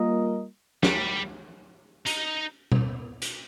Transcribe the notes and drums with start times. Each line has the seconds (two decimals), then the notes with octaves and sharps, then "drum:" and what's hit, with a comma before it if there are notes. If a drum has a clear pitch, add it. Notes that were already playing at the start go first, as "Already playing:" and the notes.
Already playing: G3 A#3 F4 A#4 D#5
0.83 G3, drum: snare
2.06 D#4, drum: hi-hat
2.72 drum: tom B2
3.22 drum: hi-hat